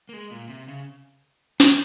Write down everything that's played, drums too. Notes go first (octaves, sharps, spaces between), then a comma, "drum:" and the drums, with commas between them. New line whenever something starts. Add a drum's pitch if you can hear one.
A#3
G#3
A#2
C3
C#3
D#3, drum: snare